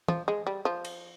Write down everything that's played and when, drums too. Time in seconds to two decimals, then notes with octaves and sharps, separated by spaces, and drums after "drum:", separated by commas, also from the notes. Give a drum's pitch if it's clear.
0.08 F3, drum: tom
0.28 G#3
0.47 G3
0.65 F3
0.85 drum: cymbal